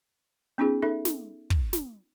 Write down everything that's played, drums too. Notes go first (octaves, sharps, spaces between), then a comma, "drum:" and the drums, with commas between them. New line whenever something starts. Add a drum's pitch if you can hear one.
B3 C#4 D#4 F4 G#4
D#4 A4 E5
drum: snare
drum: kick
drum: snare